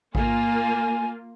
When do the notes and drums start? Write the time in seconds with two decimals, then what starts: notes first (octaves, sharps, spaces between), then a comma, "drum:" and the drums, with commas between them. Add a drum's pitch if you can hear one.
0.15 A#3 F4 G#5, drum: kick A1